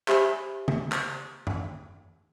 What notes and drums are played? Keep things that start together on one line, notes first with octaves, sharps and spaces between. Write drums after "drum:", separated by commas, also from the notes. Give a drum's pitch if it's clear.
G4 C5 E5 G#5 B5, drum: clap
drum: tom
drum: clap
drum: tom